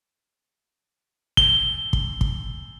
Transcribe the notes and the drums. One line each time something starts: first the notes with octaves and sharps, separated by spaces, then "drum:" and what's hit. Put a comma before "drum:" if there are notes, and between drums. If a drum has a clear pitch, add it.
G7, drum: kick
drum: kick
drum: kick